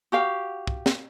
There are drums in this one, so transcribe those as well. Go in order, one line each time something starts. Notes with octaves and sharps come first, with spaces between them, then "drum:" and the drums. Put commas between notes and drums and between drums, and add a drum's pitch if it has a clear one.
F#4 G4 F5
drum: kick
drum: snare